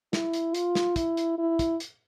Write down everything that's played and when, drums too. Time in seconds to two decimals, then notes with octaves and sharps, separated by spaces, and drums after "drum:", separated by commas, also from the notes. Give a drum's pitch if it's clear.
0.13 E4, drum: snare
0.33 drum: hi-hat
0.54 F4, drum: hi-hat
0.75 drum: snare
0.96 E4, drum: kick, hi-hat
1.17 drum: hi-hat
1.38 E4
1.59 drum: kick, hi-hat
1.80 drum: hi-hat